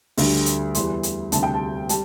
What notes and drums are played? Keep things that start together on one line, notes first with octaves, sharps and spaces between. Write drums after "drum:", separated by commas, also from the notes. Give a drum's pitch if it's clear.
D2 D3 G3, drum: open hi-hat
drum: hi-hat
E2 E3 G3 C6, drum: hi-hat
drum: hi-hat
D2 C3 G3 A5, drum: hi-hat
G5
A5
G3 A5, drum: hi-hat